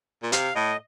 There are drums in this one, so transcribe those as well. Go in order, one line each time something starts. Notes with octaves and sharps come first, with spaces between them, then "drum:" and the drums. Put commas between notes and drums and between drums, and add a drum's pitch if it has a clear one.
A#2
C3 F5, drum: hi-hat
A2 D#5